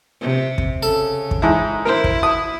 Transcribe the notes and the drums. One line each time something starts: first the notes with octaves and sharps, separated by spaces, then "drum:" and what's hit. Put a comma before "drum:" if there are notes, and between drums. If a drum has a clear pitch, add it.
C3
drum: kick
C#3 A4
drum: kick
G#2 E4
E4 A#4 C5
drum: kick
D#6